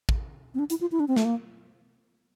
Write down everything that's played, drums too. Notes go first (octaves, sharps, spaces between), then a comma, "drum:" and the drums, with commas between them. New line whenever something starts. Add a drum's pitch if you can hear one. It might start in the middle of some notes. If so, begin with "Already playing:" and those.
drum: kick
C4
D4
E4, drum: hi-hat
F4
E4
D4
C4
A3, drum: snare
A#3